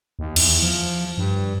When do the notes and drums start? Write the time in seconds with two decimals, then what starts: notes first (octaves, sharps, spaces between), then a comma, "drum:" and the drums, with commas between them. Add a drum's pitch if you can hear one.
0.19 D#2
0.36 E2, drum: cymbal
0.62 F3
1.18 G2